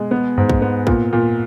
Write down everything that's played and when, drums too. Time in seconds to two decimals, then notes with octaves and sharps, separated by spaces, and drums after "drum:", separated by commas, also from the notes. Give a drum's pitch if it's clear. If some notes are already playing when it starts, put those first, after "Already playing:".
Already playing: B2 G#3
0.11 B3
0.38 G#2
0.50 drum: kick
0.62 B3
0.87 A#2, drum: kick
1.13 A#2